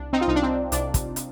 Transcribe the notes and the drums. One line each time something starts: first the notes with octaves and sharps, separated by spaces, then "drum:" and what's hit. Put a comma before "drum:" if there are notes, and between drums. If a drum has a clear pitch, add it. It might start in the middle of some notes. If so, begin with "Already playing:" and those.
Already playing: C2 D4
C4 D#4
F4
C2 D#4
D4
C4
C2 D4, drum: hi-hat
drum: kick, hi-hat
drum: hi-hat